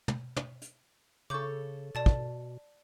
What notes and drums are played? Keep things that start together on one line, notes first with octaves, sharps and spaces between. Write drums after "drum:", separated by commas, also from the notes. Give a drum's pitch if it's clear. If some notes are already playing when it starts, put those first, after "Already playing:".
drum: tom
drum: tom
drum: hi-hat
C#3 A4 C#5 D6 G6
B2 D5 A5 A6
drum: kick